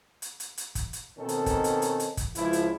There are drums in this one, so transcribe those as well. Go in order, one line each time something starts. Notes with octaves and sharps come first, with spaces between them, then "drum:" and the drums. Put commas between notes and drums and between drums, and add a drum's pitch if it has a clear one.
drum: hi-hat
drum: hi-hat
drum: hi-hat
drum: kick, hi-hat
drum: hi-hat
B2 D#3 C4 C#4 D#4 A4
drum: hi-hat
drum: kick, hi-hat
drum: hi-hat
drum: hi-hat
drum: hi-hat
drum: kick, hi-hat
C#2 F3 E4, drum: hi-hat
drum: hi-hat